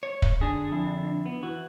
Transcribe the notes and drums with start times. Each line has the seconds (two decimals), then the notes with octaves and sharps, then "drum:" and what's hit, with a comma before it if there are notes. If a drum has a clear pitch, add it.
0.03 C#5
0.22 drum: kick
0.41 D3 D4 G#4
0.71 F2 E4
1.26 B3
1.43 E3 F#4